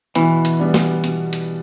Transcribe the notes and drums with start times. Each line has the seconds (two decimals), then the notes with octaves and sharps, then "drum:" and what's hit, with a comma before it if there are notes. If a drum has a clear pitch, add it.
0.15 B2 E3, drum: hi-hat
0.45 drum: hi-hat
0.59 G3 B3 D4
0.74 drum: snare
1.04 B2, drum: hi-hat
1.33 drum: hi-hat